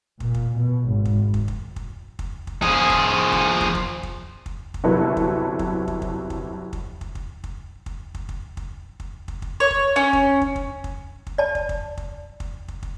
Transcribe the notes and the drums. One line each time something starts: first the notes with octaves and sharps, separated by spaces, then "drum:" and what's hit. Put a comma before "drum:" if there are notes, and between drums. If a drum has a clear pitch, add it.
A#2, drum: kick
drum: kick
B2
G#1
drum: kick
drum: kick
drum: kick
drum: kick
drum: kick
drum: kick
F3 G#4, drum: kick
drum: kick
drum: kick
drum: kick
drum: kick
drum: kick
drum: kick
drum: kick
G1 C3 F#3 E4 A4 B4
drum: kick
drum: kick
drum: kick
drum: kick
drum: kick
drum: kick
drum: kick
drum: kick
drum: kick
drum: kick
drum: kick
drum: kick
drum: kick
drum: kick
drum: kick
drum: kick
C#5
drum: kick
C#4
drum: kick
drum: kick
drum: kick
drum: kick
drum: kick
D5 A5
drum: kick
drum: kick
drum: kick
drum: kick
drum: kick
drum: kick